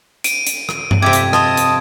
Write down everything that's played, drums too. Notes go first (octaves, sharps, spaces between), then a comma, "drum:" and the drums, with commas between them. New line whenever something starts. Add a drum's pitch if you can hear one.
D7 D#7, drum: hi-hat
drum: hi-hat
drum: rim click
drum: tom G2
F2 C3 E5 G5 D6 G#6
drum: hi-hat
F4 D#5 A5 D#6, drum: rim click
drum: hi-hat